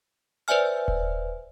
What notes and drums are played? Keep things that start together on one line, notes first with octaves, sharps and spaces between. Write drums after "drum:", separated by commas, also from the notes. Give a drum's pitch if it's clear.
B4 C5 D5 E5 G#5 F6
drum: kick D#1